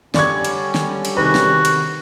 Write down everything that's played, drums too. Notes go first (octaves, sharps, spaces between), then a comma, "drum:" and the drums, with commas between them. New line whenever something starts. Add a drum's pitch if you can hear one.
D3 G3 C#4 D5 C#6 G#6, drum: snare
drum: cymbal
drum: snare
drum: cymbal
C3 D#3 F#4 B4
drum: snare
drum: cymbal